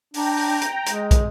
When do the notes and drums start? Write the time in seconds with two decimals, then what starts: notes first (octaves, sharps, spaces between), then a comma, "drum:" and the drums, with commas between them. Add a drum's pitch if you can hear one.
0.14 D4 G5 A#5, drum: open hi-hat
0.37 drum: open hi-hat
0.62 drum: hi-hat
0.86 G#3, drum: hi-hat
1.11 drum: kick, hi-hat